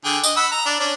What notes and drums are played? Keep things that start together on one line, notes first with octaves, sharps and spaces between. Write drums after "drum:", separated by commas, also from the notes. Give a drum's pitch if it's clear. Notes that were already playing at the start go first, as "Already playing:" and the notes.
D3 G#4 G5
D#5, drum: tambourine
F#5 B5 E6
A#5
D4
C#4 D4